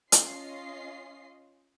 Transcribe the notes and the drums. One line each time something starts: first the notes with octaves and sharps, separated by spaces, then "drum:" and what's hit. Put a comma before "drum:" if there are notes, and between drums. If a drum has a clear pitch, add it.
C#4 F4 D#5 C7, drum: hi-hat